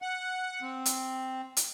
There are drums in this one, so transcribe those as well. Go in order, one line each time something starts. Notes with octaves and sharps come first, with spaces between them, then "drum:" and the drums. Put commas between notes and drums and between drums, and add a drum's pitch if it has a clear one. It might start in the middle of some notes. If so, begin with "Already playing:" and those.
F#5
C4
drum: hi-hat
drum: hi-hat